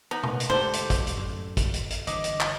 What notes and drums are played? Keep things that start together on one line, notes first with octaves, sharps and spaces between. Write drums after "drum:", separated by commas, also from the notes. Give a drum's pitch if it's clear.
B3 D#4
drum: tom
drum: hi-hat
G#2 D3 A3 G4 A4 C5 D5
drum: hi-hat
drum: kick, hi-hat
drum: hi-hat
F#2 A2
drum: kick, hi-hat
drum: hi-hat
drum: hi-hat
G1 D3 E3 D#5 D6, drum: hi-hat
drum: hi-hat
drum: clap